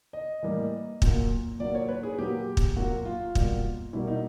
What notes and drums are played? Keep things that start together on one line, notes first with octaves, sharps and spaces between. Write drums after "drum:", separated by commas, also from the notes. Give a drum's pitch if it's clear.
D#5
A2 E3 G3 A#3
A#2 F#3 A#3, drum: kick
A#2 F#3 A#3 D5
C#5
B4
G#4
A#2 F#3 A#3 G4
drum: kick
A#2 F#3 A#3 F#4
F4
B2 G3 A#3, drum: kick
B2 G3 A#3 E4
D#4